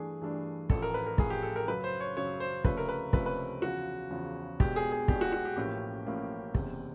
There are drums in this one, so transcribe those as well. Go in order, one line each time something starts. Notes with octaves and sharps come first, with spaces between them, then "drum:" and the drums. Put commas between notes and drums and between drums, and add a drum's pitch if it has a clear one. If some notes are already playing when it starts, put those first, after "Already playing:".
Already playing: G2 E3 A3 D4 G#4
G2 E3 A3 D4
A1 A2 F3 A4, drum: kick
A#4
B4
A#4
A1 A2 F3 G#4, drum: kick
G4
A4
A#4
F#2 C#3 F#3 B4
C5
C#5
F#2 C#3 F#3 C#5
C5
C#2 C3 F3 A3 C#4 B4, drum: kick
A#4
B4
C#2 C3 F3 A3 C#4 B4, drum: kick
B4
E2 C#3 F3 F#4
E2 C#3 F3
B1 B2 G#3 B3 D4 G4, drum: kick
G#4
G#4
B1 B2 G#3 B3 D4 G4, drum: kick
F#4
F#4
G4
A1 A2 F3 A#3 C#4 G4
A1 A2 F3 A#3 C#4
F#1 E2 C3, drum: kick